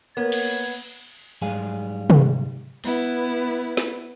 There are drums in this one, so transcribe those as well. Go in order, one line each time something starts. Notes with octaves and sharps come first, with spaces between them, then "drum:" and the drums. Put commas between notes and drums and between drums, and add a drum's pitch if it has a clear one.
A#3 B3 C#5 G#6
drum: cymbal
G#2 F#3 G3 G#4 F5 G#5
drum: tom C3
B3 E4, drum: open hi-hat
drum: snare